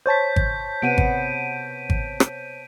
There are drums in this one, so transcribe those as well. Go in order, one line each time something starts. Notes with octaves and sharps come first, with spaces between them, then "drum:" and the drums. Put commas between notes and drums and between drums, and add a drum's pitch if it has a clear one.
C5 C#5 A5 G6 B6
drum: kick G#1
C3 B3 F#5 D7 D#7
drum: kick G#1
drum: kick G#1
drum: rim click